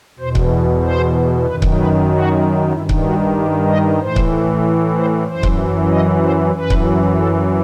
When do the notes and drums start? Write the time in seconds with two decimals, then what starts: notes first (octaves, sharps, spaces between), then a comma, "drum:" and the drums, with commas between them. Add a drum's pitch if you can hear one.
0.19 E2 B2 C5
0.35 drum: kick C#1
0.82 C5
1.46 F#2 D#3 B4
1.62 drum: kick C#1
1.78 B4
2.10 F#4
2.73 G2 D#3 E4
2.89 drum: kick C#1
3.05 F#4
3.37 G4
3.68 D#5
4.00 A2 E3 C5
4.16 drum: kick C#1
4.96 C5
5.27 F#2 E3 C5
5.43 drum: kick C#1
5.91 D#5
6.22 C5
6.54 F#2 E3 B4
6.70 drum: kick C#1
7.18 A4